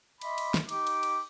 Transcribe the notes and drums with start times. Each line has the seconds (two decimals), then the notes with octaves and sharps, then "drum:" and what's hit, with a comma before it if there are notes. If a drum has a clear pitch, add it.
0.21 D#5 E5 B5 C6 D6, drum: cymbal
0.38 drum: cymbal
0.54 drum: snare
0.69 D#4 G4 D6, drum: cymbal
0.87 drum: cymbal
1.03 drum: cymbal